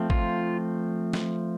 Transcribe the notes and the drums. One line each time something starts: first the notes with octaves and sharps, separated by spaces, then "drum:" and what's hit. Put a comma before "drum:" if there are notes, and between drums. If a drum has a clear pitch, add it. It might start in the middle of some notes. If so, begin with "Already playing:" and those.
Already playing: F3 A3 C4
F4, drum: kick
drum: snare